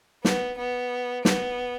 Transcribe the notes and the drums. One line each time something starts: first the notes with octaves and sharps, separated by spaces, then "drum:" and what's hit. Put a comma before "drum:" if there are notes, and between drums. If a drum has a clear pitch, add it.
B3, drum: snare
B3
B3, drum: snare